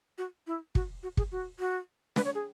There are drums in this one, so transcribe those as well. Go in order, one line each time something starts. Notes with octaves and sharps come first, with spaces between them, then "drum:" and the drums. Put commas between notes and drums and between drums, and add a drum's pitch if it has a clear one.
F#4
E4
F#4, drum: kick
F#4
G#4, drum: kick
F#4
F#4
B4, drum: snare
C#5
G#4